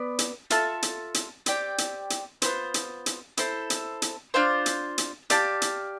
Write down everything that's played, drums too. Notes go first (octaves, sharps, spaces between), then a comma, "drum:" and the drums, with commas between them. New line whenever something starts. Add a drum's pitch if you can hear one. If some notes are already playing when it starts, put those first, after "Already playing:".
Already playing: B3 B4 D5
drum: hi-hat
F4 A4 E5 A5, drum: hi-hat
drum: hi-hat
drum: hi-hat
C4 G4 D5 G5, drum: hi-hat
drum: hi-hat
drum: hi-hat
B3 F4 C5, drum: hi-hat
drum: hi-hat
drum: hi-hat
E4 A4 C5, drum: hi-hat
drum: hi-hat
drum: hi-hat
D4 F4 C5 F5
drum: hi-hat
drum: hi-hat
G4 D5 F5 A5, drum: hi-hat
drum: hi-hat